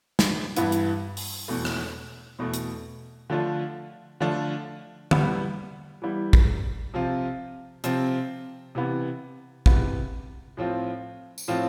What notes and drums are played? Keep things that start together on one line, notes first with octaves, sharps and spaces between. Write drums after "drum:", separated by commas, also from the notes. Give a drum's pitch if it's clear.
drum: snare
G2 E3 B3 E4, drum: hi-hat
drum: hi-hat
drum: open hi-hat
E2 B2 A3
drum: rim click
E2 B2 A3
drum: hi-hat
D3 F3 A3 D4 F4
D3 F3 A3 D4 F4
E3 G3 B3 E4, drum: tom D3
E3 G3 B3 E4
drum: kick
C3 F3 C4 F4
C3 F3 C4 F4, drum: hi-hat
C3 E3 B3
C3 E3 B3, drum: kick
A2 F3 C4 F4
drum: tambourine
A2 F3 C4 F4